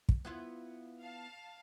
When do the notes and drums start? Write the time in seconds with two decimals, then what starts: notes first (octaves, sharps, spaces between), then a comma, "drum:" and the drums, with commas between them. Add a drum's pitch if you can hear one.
0.09 drum: kick
0.25 B3 E4 F4
1.01 F5 A5